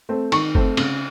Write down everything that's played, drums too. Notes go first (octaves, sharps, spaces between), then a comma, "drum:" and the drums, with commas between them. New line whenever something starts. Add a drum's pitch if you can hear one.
A3 C4
D#3 C#6, drum: cymbal
A3 C4, drum: kick F#1
C#3, drum: cymbal